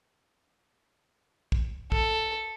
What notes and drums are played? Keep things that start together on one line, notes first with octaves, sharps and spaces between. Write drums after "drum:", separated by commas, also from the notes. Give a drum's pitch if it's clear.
drum: kick
A4, drum: kick